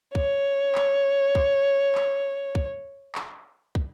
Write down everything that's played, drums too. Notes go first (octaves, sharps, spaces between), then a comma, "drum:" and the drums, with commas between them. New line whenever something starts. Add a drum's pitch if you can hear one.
C#5, drum: kick
drum: clap
drum: kick
drum: clap
drum: kick
drum: clap
drum: kick